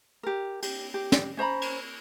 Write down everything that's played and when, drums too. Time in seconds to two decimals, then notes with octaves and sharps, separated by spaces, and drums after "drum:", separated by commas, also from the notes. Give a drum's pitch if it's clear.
0.23 G4 A#4
0.63 G4, drum: cymbal
0.94 G4
1.12 drum: snare
1.37 C#4 C5 A#5 B5
1.62 drum: cymbal